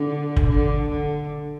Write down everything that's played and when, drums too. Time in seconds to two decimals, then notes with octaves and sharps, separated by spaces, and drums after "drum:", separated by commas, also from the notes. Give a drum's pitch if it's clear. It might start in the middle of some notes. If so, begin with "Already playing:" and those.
Already playing: D3
0.36 drum: kick
0.47 D3
0.88 D3